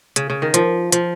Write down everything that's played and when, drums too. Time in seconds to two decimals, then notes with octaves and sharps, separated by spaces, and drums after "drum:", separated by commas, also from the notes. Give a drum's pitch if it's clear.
0.16 C#3, drum: hi-hat
0.30 C#3
0.42 D#3
0.54 F3, drum: hi-hat
0.92 F3, drum: hi-hat